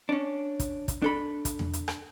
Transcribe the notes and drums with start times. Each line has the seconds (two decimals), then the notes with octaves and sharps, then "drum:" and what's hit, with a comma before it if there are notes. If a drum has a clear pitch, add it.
0.09 C#4 D4
0.60 drum: kick, hi-hat
0.88 drum: kick, hi-hat
1.02 D4 A4 B5
1.45 drum: kick, hi-hat
1.59 drum: tom E2
1.73 drum: hi-hat
1.88 drum: rim click